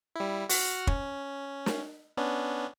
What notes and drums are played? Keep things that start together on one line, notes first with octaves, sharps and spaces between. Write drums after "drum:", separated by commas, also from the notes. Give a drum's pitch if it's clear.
G3 E4
F#4 F#5 F6, drum: open hi-hat
C#4, drum: kick
drum: snare
B3 C#4 D4